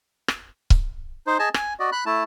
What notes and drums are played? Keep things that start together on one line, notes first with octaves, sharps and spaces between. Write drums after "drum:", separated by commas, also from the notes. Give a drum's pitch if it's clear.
drum: rim click
drum: kick C#1
D#4 C5
G#4 D#5 G#5 A5
G#5, drum: rim click
F#4 D5 D#5
B5 F#6
A3 E4 A5